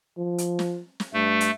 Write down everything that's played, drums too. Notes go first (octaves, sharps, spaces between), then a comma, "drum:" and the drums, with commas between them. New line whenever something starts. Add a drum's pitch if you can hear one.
F3
drum: hi-hat
drum: snare
drum: snare
G2 A3
drum: hi-hat